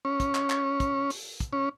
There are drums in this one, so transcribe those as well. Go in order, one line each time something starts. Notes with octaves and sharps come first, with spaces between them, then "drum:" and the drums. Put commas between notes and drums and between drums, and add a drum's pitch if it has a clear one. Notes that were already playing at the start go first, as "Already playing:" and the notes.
C#4
drum: kick, hi-hat
drum: clap
drum: clap
drum: kick, hi-hat
drum: open hi-hat
drum: kick, hi-hat
C#4